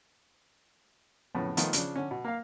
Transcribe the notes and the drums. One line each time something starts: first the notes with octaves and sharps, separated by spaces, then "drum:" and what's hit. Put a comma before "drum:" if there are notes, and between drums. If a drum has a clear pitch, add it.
F2 A2 C#3 B3
D#3 F3 A3 B3 D#4 F4, drum: hi-hat
C#3 F3 D4, drum: hi-hat
D3 C#4
B2
A#3 F5